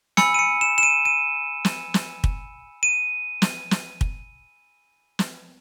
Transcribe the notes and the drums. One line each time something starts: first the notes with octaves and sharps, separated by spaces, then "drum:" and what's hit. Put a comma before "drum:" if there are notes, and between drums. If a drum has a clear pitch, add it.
G#5 B5 E6 C#7, drum: snare
D#7
C#7
E7
E7
D#7
D#7
drum: snare
drum: snare
drum: kick
D#7
drum: snare
drum: snare
drum: kick
drum: snare